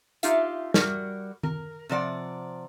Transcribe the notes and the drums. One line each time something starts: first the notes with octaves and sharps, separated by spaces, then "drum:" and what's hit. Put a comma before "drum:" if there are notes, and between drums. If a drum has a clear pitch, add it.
D#4 F4 G4 E5 F5, drum: hi-hat
G3 F#4 A#4, drum: snare
A#4, drum: tom D#3
C3 F3 D5 F#5